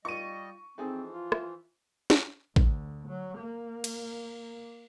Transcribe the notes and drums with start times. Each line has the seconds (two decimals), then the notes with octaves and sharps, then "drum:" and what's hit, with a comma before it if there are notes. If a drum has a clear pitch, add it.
0.05 G3 F4 D#5 C#6 D#7
0.78 E3 F3 C4 D#4 G#4 A4
1.09 F4
1.32 E5, drum: rim click
2.10 drum: snare
2.56 D2, drum: kick A1
3.08 F#3
3.38 A#3
3.84 drum: cymbal